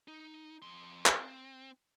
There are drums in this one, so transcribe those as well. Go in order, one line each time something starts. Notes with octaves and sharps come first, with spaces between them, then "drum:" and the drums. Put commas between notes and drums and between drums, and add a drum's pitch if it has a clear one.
D#4
F2 C6
C4, drum: clap